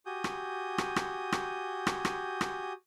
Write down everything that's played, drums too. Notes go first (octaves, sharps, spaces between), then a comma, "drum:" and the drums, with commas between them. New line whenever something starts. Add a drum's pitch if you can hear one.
F#4 G4 G#5 D#6 G6
drum: rim click
drum: rim click
drum: rim click
drum: rim click
drum: rim click
drum: rim click
drum: rim click